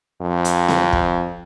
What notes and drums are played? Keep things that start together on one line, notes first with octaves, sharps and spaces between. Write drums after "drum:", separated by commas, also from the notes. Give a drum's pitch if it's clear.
F2
drum: hi-hat
drum: snare C4
drum: kick